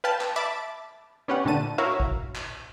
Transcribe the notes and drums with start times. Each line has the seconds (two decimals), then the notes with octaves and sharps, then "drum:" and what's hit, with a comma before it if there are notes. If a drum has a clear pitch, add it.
0.04 B4 F5 G5 A5
0.21 drum: clap
0.36 E5 A5 B5 D6 A6
1.28 B3 C#4 G4 B4 F#5
1.45 A#2 D3 A3 A5 D#7
1.78 E4 F#4 A#4 C#5 E5 F5
2.00 drum: kick G#1
2.36 drum: clap